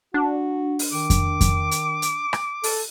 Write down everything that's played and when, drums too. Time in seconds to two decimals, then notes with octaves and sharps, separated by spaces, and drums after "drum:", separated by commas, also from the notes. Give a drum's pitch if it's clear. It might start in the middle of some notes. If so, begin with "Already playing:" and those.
0.14 D4 F#4
0.79 drum: open hi-hat
0.92 D#3 D6
1.10 drum: kick F2, hi-hat
1.41 drum: kick F2, hi-hat
1.71 drum: hi-hat
2.02 drum: hi-hat
2.33 drum: rim click
2.64 A4, drum: open hi-hat